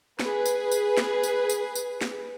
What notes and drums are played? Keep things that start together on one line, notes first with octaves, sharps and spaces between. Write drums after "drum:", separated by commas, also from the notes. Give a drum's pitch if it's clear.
G#4 B4, drum: snare
drum: tambourine
drum: tambourine
drum: snare
drum: tambourine
drum: tambourine
drum: tambourine
drum: snare